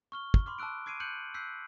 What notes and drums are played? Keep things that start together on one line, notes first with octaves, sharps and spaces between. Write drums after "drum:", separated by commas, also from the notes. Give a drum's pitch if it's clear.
C#6 F6 G7
drum: kick
B5 C6 D6 F6
A5 D6 E6 F#6 D7
D6 G#6 C7 D7 D#7
F#6 G6 C#7 D#7 F#7
E6 F#6 G6 B6 C7